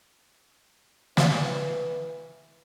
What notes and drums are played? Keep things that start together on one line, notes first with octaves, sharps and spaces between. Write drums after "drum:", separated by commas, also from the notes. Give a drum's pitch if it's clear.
E3, drum: snare